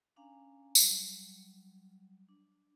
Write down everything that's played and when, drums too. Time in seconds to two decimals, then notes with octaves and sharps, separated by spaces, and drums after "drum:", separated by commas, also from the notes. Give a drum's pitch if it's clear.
0.16 C#4 D4 F5 G#5 A#5
0.75 F#3 G3, drum: tambourine
2.29 D4